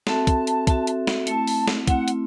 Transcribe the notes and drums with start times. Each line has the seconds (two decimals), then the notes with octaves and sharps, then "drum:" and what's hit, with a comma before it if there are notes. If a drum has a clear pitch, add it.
0.07 C4 F#4 A4 E5 A5, drum: snare
0.27 drum: kick, hi-hat
0.47 drum: hi-hat
0.67 C4 F#4 A4 E5, drum: kick, hi-hat
0.87 drum: hi-hat
1.07 drum: snare
1.27 A3 C4 E4 A5, drum: hi-hat
1.47 drum: open hi-hat
1.68 drum: snare
1.87 A3 C4 E4 F#5, drum: kick, hi-hat
2.08 drum: hi-hat